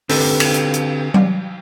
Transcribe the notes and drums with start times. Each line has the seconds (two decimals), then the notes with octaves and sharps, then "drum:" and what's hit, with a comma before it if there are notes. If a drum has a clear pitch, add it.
0.09 D3 C4 G4 A4 B4, drum: open hi-hat
0.40 drum: cymbal
0.54 drum: hi-hat
0.74 drum: hi-hat
1.14 drum: tom F#3